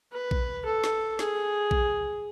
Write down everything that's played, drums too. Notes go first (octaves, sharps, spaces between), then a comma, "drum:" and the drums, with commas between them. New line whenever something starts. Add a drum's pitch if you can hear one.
B4
drum: kick A#1
A4
drum: snare
G#4, drum: snare
drum: kick A#1